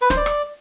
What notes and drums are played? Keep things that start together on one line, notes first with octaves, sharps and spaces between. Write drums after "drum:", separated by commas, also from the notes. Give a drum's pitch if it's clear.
B4
C5, drum: snare
D5
drum: rim click